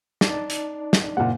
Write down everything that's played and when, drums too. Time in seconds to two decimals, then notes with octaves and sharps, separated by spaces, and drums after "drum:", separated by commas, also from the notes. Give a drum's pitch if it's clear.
0.21 D#4 D5 A5, drum: snare
0.50 drum: hi-hat
0.93 drum: snare
1.17 F#1 A#2 F#5